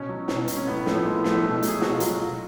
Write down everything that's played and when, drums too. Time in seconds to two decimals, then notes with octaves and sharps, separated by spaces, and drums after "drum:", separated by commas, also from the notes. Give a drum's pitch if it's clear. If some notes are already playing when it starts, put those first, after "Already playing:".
Already playing: B2 C#4
0.09 F#3
0.28 B2, drum: snare
0.48 F#3, drum: hi-hat
0.57 C#4
0.67 A2 B3
0.86 F3 A3, drum: snare
1.05 A2 G#3
1.24 F3 A3, drum: snare
1.43 B2 A3
1.55 A3
1.63 F#3, drum: hi-hat
1.68 G#4
1.81 B2 F#4, drum: snare
1.94 F4
2.00 F#3, drum: hi-hat
2.20 B2